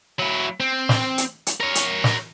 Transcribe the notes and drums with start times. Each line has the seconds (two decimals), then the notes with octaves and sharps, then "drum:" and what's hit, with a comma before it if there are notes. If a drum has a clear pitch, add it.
0.20 F#3 E4
0.60 C4
0.89 drum: snare
1.18 drum: hi-hat
1.47 drum: hi-hat
1.60 A#4 C#5
1.75 drum: hi-hat
2.04 drum: snare